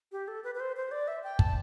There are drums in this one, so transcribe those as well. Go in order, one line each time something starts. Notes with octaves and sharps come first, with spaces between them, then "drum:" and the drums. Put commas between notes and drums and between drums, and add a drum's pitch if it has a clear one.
G4
A4
B4
B4
C5
C5
D5
E5
G5
A5, drum: kick